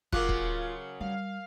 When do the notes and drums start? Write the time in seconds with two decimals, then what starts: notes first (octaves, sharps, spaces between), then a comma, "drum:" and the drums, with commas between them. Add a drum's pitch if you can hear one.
0.13 C#3 F#3 C#4 F4 A#4 D6 F#6, drum: kick
0.29 drum: kick
1.00 G3 F5